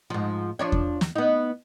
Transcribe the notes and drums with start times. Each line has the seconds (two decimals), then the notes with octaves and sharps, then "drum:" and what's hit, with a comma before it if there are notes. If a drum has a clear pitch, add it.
0.10 G#2 F3
0.59 F3 D4 C#5
0.72 drum: kick E2
1.01 drum: snare
1.16 B3 D#4